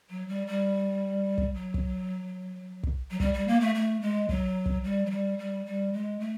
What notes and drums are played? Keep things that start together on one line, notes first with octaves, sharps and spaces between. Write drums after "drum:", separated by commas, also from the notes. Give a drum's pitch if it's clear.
F#3
G3
G3
drum: kick
F#3
drum: kick
drum: kick
F#3
G3, drum: kick
G3
A#3
A3
A3
G#3
F#3, drum: kick
drum: kick
G3
F#3
G3
G3
G3
G#3
A3